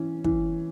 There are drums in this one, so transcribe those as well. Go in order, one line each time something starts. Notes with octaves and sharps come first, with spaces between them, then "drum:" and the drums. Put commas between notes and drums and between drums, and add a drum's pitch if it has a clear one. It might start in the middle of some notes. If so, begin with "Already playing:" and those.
Already playing: E3 C#4
E3, drum: kick